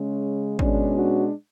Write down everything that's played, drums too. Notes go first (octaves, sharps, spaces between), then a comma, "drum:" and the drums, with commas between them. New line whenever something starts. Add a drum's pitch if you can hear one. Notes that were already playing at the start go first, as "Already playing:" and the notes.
Already playing: C#3 G#3 C#4
B2 G#3 C#4 D4, drum: kick G#1
D4 F#4